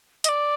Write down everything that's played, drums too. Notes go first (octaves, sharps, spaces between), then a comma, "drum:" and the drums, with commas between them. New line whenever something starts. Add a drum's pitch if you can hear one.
D#5, drum: hi-hat
D5